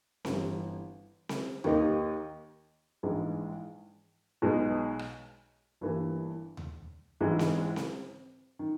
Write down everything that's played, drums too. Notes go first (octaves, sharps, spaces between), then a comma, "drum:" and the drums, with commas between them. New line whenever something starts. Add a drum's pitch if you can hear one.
G1 G2 E3, drum: snare C4
drum: snare C4
D#2 D#3 A#3 D#4 G4, drum: tom D#2
A#1 G#2 E3 G#3
B1 B2 G#3 D#4
drum: rim click
G1 G2 E3 A#3
drum: tom D#2
A#1 G#2 E3 G#3
drum: snare C4
drum: snare C4
D#3